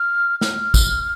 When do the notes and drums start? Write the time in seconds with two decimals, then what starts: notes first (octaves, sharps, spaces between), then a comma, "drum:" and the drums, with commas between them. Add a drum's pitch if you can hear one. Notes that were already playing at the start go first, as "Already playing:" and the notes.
Already playing: F6
0.41 F6, drum: snare
0.74 drum: kick, tambourine